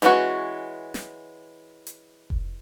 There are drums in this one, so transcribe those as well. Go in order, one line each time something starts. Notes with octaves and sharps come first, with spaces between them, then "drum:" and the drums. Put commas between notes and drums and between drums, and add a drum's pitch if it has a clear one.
E3 G#3 C#4 D4 F#4, drum: hi-hat
drum: snare
drum: hi-hat
drum: kick F1